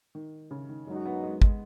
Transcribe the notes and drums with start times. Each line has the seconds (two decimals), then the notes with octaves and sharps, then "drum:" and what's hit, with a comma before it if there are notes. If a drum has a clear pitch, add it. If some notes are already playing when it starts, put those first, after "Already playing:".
0.15 D#3
0.51 C#3
0.69 D#3
0.87 F#2 F#3 G#3 D#4 F#4
1.06 B3
1.23 G#3
1.42 G#3, drum: kick